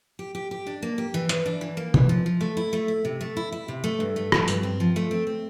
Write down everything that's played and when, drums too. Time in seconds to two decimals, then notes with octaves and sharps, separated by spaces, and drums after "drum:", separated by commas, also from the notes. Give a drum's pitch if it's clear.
0.19 G4
0.35 G4
0.51 G4
0.67 D4
0.82 A#3
0.98 G4
1.14 E3
1.29 E3, drum: hi-hat
1.46 D4
1.61 E3
1.77 A#3
1.94 E3, drum: tom B2
2.09 F3
2.26 F3
2.41 A3
2.57 E4
2.73 A3
2.88 E4
3.05 C3
3.21 A3
3.37 E4
3.52 E4
3.68 C3
3.84 A3
4.00 G2
4.16 A3
4.32 F3, drum: rim click
4.48 G2, drum: tambourine
4.63 C4
4.80 F3
4.96 A3
5.11 C4
5.27 C4